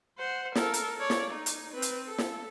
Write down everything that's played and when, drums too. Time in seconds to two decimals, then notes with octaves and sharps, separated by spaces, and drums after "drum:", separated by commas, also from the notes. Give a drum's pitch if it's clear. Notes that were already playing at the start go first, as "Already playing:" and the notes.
0.18 C5 F#5
0.55 A4 A#4, drum: snare
0.74 drum: hi-hat
0.99 C#5 D5
1.10 drum: snare
1.31 D#4
1.46 drum: hi-hat
1.72 C4 B4
1.82 drum: hi-hat
2.08 A4
2.18 drum: snare